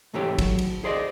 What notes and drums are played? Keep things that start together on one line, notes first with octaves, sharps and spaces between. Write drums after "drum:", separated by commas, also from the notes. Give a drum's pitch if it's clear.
C2 G#2 E3 A3 G4 C#5
F#3, drum: kick, cymbal
drum: cymbal
G#4 C5 D5 D#5